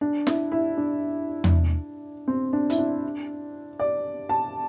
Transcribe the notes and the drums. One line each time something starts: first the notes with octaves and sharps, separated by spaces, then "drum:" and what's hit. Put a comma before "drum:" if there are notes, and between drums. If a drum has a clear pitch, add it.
D4
E4, drum: snare
E4
D4
drum: tom E2
C4
D4
E4, drum: hi-hat
D4
D5
A5